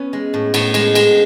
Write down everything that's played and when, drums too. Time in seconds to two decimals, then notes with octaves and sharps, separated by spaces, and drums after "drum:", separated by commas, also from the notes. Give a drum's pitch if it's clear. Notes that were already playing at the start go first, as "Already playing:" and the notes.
Already playing: B3 C#4
0.13 G#3
0.34 A2
0.54 A2 B3, drum: cymbal
0.74 G#3, drum: cymbal
0.95 G#3, drum: cymbal